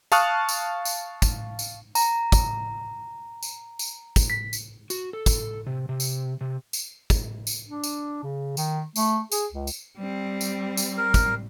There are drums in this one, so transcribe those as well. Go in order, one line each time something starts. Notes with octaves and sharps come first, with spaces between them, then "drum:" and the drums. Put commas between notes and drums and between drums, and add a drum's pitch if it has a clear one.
F5 A5 C#6 D#6 F6 F#6, drum: tambourine
drum: tambourine
drum: tambourine
drum: kick, tambourine
drum: tambourine
A#5, drum: tambourine
drum: kick, tambourine
drum: tambourine
drum: tambourine
drum: kick, tambourine
B6
drum: tambourine
F#4, drum: tambourine
A4
drum: kick, tambourine
C3
C3
drum: tambourine
C3
drum: tambourine
drum: kick, tambourine
drum: tambourine
D4
drum: tambourine
C#3
D#3, drum: tambourine
A3, drum: tambourine
G#4, drum: tambourine
C#2
drum: tambourine
G3 C4
drum: tambourine
drum: tambourine
A#4
drum: kick, tambourine